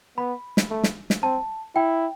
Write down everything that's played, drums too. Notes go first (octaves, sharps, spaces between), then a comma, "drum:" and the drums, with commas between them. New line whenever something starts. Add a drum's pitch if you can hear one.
B3 B5
drum: snare
A3
drum: snare
drum: snare
C4 A5
E4 G5